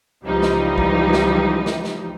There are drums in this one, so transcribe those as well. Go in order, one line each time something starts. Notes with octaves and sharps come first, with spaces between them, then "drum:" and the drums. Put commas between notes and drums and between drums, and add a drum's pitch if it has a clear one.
C#2 E3 F3 G3 D#4
drum: snare
drum: kick
drum: snare
drum: snare
drum: snare